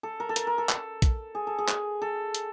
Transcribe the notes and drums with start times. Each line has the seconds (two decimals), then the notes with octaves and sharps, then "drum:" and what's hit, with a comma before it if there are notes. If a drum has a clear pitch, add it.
0.03 A4
0.20 A#4
0.29 A4
0.36 A#4, drum: hi-hat
0.47 A#4
0.58 A4
0.69 drum: clap
1.02 drum: kick, hi-hat
1.35 G#4
1.47 A4
1.59 G#4
1.68 drum: clap
2.02 A4
2.35 drum: hi-hat